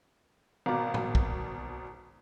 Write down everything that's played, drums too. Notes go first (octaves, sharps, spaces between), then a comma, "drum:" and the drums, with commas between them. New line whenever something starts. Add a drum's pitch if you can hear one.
G#1 B2 A#3 D5
drum: tom A2
drum: kick B1